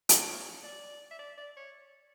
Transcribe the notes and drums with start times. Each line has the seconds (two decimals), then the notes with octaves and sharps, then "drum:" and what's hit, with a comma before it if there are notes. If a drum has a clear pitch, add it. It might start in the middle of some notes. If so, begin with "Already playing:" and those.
0.09 C#5, drum: hi-hat
0.64 D5
1.11 E5
1.19 D5
1.38 D5
1.57 C#5